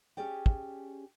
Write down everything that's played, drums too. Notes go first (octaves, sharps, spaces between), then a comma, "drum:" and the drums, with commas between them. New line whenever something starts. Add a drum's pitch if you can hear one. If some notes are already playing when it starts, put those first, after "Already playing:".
C#4 G4 G#4 D5 G5
drum: kick